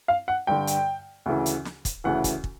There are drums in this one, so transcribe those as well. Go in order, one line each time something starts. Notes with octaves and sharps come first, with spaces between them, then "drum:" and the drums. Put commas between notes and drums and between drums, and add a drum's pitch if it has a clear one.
F5
F#5
G2 D3 G5
drum: hi-hat
D2 C#3 E3
drum: hi-hat
drum: snare
drum: kick, hi-hat
D2 C#3 E3 F#5
drum: kick, hi-hat
drum: kick